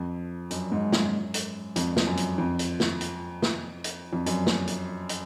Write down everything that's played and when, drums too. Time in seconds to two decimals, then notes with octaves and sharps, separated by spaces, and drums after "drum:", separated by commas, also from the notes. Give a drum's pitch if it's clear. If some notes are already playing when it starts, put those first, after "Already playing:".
Already playing: F2
0.51 F#2, drum: hi-hat
0.72 G#2
0.92 F#2, drum: snare
1.34 drum: hi-hat
1.76 F2, drum: hi-hat
1.97 drum: snare
2.07 F#2
2.17 drum: hi-hat
2.38 F2
2.59 drum: hi-hat
2.80 drum: snare
3.01 drum: hi-hat
3.42 drum: snare
3.84 drum: hi-hat
4.13 F2
4.26 F#2, drum: hi-hat
4.47 drum: snare
4.67 drum: hi-hat
5.09 drum: hi-hat